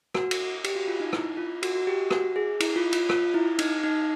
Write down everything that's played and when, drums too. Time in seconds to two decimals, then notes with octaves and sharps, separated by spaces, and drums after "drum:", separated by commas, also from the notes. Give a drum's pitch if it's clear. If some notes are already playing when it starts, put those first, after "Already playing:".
0.14 F#4, drum: rim click
0.31 drum: cymbal
0.64 G4, drum: cymbal
0.75 F#4
0.88 F4
1.00 D#4
1.13 E4, drum: rim click
1.37 F4
1.63 F#4, drum: cymbal
1.75 F#4
1.87 G4
2.10 F#4, drum: rim click
2.36 G#4
2.60 E4, drum: cymbal
2.76 F4
2.93 F4, drum: cymbal
3.09 F4, drum: rim click
3.34 E4
3.59 D#4, drum: cymbal
3.83 D#4